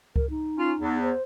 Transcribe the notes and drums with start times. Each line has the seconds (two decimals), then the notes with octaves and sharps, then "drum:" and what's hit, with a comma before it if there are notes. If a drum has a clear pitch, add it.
0.16 A#4, drum: kick C#2
0.30 D#4
0.57 C#4 F4
0.79 E2
1.02 C5